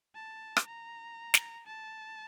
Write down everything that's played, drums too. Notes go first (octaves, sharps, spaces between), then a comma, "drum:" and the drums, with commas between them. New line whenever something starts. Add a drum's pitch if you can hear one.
A5
drum: rim click
A#5
drum: snare
A5